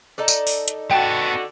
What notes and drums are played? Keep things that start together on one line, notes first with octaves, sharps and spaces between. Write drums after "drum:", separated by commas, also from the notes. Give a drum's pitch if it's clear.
D#4 A4 D5
drum: tambourine
drum: open hi-hat
drum: hi-hat
D3 B3 F#4 G5 A5